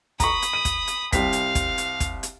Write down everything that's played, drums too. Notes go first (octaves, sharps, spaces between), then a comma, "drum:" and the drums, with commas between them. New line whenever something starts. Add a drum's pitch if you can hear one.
A#5 B5 C#6 D#6, drum: kick, hi-hat
drum: hi-hat
D#7
drum: kick, hi-hat
drum: hi-hat
C2 C4 F5 B6, drum: kick, hi-hat
drum: hi-hat
drum: kick, hi-hat
drum: hi-hat
drum: kick, hi-hat
drum: hi-hat